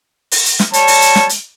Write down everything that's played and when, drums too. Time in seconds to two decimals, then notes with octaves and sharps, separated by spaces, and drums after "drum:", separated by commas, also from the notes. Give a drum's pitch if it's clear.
0.31 drum: open hi-hat
0.45 drum: hi-hat
0.59 drum: snare
0.73 G3 C#5 A5, drum: hi-hat
0.87 drum: open hi-hat
1.01 drum: hi-hat
1.15 drum: snare
1.29 drum: hi-hat